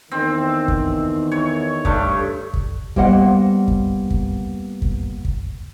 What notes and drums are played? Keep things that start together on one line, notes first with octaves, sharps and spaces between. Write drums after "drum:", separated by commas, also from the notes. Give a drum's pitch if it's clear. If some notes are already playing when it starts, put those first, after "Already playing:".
E2 D3 D#3 C4
drum: kick
C#5
G2 A3 C#6, drum: kick
drum: kick
G3 A#3 B3 C5 D#5 F#5, drum: kick
drum: kick
drum: kick
drum: kick
drum: kick